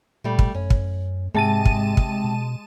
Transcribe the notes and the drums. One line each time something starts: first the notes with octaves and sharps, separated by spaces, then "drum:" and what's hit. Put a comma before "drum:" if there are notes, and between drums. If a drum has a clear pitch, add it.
A#2 G3 A3
drum: kick
F#2 C#4
drum: kick
G#2 C3 G#3 A5 D#7
drum: kick
drum: kick
B2